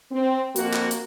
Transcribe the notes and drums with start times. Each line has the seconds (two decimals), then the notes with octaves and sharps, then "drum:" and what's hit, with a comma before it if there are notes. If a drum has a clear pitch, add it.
0.11 C4
0.56 F2 A#3 C4 F#4, drum: hi-hat
0.73 drum: clap
0.91 drum: hi-hat